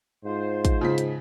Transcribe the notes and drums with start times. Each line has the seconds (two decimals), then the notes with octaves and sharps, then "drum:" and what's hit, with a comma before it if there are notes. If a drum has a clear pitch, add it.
0.25 G#2 F4 C5
0.65 drum: kick, hi-hat
0.81 C#3 F3 B6
0.98 drum: hi-hat